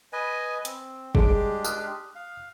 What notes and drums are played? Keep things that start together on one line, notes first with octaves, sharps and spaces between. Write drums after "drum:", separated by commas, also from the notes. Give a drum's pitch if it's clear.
B4 D#5 G#5
C4, drum: hi-hat
G3 G#3 D4 G4 G#4 D7, drum: kick
D#6 F6 F#6, drum: tambourine
F5